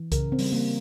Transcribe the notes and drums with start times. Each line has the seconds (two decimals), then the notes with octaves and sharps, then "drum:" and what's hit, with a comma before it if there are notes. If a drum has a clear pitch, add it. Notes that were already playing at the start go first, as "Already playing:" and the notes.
Already playing: E3
0.12 C#3 A#4, drum: kick C2, hi-hat
0.32 C4
0.39 G3, drum: open hi-hat
0.52 A#3